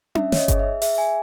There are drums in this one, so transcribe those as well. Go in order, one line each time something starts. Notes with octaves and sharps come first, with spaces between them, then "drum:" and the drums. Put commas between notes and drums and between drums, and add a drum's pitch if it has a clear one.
C#4 E5, drum: tom D4
C#5, drum: snare
D#5
G#4, drum: kick G1, hi-hat
E5
G#4 E5, drum: open hi-hat
G#5